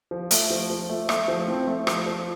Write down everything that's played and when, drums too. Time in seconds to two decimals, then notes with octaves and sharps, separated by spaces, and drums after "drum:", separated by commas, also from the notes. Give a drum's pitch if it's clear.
0.11 F3
0.31 A3, drum: hi-hat
0.50 F3
0.70 F3
0.89 A3
1.09 A3, drum: rim click
1.28 F3
1.48 C4
1.67 A3
1.87 F3, drum: rim click
2.06 F3